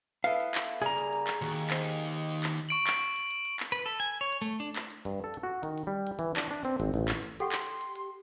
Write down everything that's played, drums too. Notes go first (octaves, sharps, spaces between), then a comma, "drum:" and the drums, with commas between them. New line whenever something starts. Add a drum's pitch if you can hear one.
B3 E4 A4 F5
drum: hi-hat
drum: clap
drum: hi-hat
C#3 G3 A#3 G#4 A#5, drum: hi-hat
drum: hi-hat
drum: open hi-hat
drum: clap
D#2 F#4, drum: hi-hat
drum: hi-hat
C5 D#5, drum: clap
drum: hi-hat
drum: hi-hat
drum: hi-hat
drum: open hi-hat
drum: clap
drum: hi-hat
C#6 D7 F#7
drum: clap
drum: hi-hat
drum: hi-hat
drum: hi-hat
drum: open hi-hat
drum: clap
B4, drum: hi-hat
A4
G#5
C#5
drum: hi-hat
A3
D4, drum: open hi-hat
drum: clap
drum: hi-hat
G2, drum: hi-hat
A4
drum: hi-hat
F#4
D#3, drum: hi-hat
drum: open hi-hat
G3
drum: hi-hat
E3, drum: hi-hat
D4, drum: clap
D4, drum: hi-hat
C4, drum: hi-hat
G#1, drum: hi-hat
A1, drum: open hi-hat
drum: clap
drum: hi-hat
G4 A4 F#5 C6 C#6, drum: hi-hat
drum: clap
drum: hi-hat
drum: hi-hat
drum: hi-hat